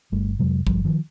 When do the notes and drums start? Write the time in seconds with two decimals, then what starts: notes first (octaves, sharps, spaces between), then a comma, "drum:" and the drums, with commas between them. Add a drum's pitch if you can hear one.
0.12 G1 G3 A3
0.39 F2 C3 F#3 G#3
0.67 G1 F3 G3, drum: kick A1
0.85 D#3 F3